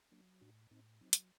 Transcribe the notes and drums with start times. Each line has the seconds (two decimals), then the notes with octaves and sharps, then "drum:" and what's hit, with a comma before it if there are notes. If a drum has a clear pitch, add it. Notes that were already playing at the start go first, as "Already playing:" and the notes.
0.12 F#3 A#3 D4
0.41 A2 D4 F#4
0.71 A2 C4 D#4
1.01 F#3 C4 D#4
1.13 drum: hi-hat